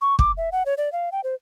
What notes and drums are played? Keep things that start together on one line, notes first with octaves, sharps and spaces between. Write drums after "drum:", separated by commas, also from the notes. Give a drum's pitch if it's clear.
C#6
D6, drum: kick
E5
F#5
C#5
D5
F5
G5
C5